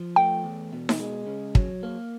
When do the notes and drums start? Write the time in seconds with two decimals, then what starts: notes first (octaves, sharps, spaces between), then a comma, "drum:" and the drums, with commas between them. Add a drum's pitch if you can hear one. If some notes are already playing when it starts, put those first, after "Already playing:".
Already playing: F3
0.16 A3 G5
0.44 E2
0.73 B2
0.89 drum: snare D#4
1.00 G#3
1.27 C#3
1.55 F#3, drum: kick
1.83 A#3